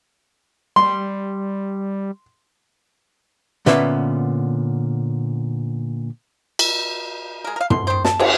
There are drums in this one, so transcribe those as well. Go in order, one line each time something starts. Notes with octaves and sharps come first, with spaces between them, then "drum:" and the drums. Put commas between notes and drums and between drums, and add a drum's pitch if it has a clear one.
G3 C6
A#2 D3 B3 C#4 B4 E5, drum: snare
drum: cymbal
G#3 A#4
A#4 F5
B2 C6, drum: tom
D#3 C5
A5, drum: snare
E3 C#4, drum: cymbal